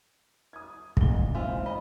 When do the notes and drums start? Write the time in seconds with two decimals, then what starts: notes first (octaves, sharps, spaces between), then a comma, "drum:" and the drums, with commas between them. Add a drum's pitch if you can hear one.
0.53 D#6 G#6
0.97 A1 A#2 G7, drum: kick
1.35 G#2 E3 C4 F4 C5
1.66 D#5 B5